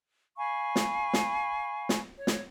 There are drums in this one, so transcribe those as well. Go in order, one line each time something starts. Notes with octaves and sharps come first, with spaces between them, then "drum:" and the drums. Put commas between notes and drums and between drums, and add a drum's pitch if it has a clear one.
F5 G#5 B5 C#6
drum: snare
drum: snare
drum: snare
C#5
drum: snare